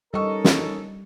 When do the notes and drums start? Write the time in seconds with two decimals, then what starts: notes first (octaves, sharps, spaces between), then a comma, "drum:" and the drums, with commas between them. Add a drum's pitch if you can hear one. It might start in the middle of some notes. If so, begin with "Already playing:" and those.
0.14 G3 C#4 D#4 A4 A#4 D#5 C#6
0.44 drum: snare